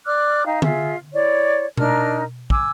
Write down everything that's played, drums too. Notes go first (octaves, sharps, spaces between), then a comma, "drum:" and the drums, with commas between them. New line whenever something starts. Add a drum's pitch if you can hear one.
D5 D6 F6 F#6
D#4 F5 G5
F4 G#4 E5, drum: tom D3
E4 C#5 D5
D4 D#4 A#4 F6, drum: tom B2
G#5 D6 E6, drum: kick